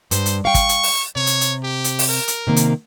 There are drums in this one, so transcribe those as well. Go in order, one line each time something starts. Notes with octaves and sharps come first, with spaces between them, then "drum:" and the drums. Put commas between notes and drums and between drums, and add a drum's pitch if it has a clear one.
G2 C5, drum: hi-hat
drum: hi-hat
F5 G5 C#6
drum: kick, hi-hat
drum: hi-hat
drum: open hi-hat
C3 C#5
drum: hi-hat
drum: hi-hat
G4
drum: hi-hat
drum: open hi-hat
A#4
drum: hi-hat
C3 D#3 A#3
drum: hi-hat